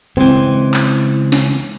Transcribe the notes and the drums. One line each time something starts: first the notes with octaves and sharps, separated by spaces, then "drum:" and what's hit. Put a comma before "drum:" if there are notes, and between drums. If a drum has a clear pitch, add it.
C#2 E3 C4
drum: clap
drum: snare